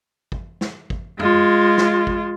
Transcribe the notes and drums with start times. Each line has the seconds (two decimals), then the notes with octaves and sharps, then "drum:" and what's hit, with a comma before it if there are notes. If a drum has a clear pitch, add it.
0.32 drum: kick
0.61 drum: snare
0.90 drum: kick
1.19 G#3 F4, drum: tom F2
1.78 drum: snare
2.07 drum: kick